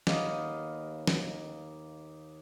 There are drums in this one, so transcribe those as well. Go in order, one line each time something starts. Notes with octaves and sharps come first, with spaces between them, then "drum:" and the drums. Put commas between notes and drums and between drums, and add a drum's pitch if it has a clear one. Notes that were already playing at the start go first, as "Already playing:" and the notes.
D#2 B3 D#5 F5, drum: snare
drum: snare